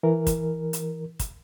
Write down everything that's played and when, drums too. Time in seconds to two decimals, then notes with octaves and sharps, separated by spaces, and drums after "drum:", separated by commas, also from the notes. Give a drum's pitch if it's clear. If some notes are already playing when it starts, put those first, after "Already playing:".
0.03 E3 A#4
0.27 drum: kick, hi-hat
0.73 drum: hi-hat
1.19 drum: kick, hi-hat